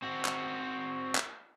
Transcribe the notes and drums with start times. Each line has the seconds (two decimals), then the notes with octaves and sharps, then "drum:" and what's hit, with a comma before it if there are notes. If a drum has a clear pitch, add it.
0.02 C4 F#4
0.25 drum: clap
1.15 drum: clap